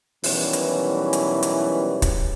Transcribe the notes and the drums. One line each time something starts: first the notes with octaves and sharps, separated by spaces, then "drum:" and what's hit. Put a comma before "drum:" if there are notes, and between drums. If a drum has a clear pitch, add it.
B2 D#3 E3 F#3 G3 C#4, drum: open hi-hat
drum: hi-hat
drum: hi-hat
drum: hi-hat
drum: kick, hi-hat